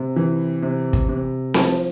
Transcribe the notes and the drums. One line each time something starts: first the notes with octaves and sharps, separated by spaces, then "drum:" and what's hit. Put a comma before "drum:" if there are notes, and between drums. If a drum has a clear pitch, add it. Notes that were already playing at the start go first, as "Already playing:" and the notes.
Already playing: C3
E3
C3
drum: kick
C3
F3 A5, drum: snare C4